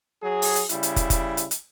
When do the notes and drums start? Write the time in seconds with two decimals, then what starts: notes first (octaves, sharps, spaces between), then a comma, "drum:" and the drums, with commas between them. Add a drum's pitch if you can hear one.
0.21 F#3 G#4
0.42 drum: open hi-hat
0.56 drum: hi-hat
0.69 C#3 G3 E4, drum: hi-hat
0.83 drum: hi-hat
0.96 drum: kick, hi-hat
1.10 drum: kick, hi-hat
1.37 drum: hi-hat
1.51 drum: hi-hat